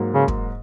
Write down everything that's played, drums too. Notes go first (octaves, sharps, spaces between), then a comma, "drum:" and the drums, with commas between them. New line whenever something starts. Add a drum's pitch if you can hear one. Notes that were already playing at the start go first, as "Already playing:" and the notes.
Already playing: G#2 F#3 A#3
C#3
drum: kick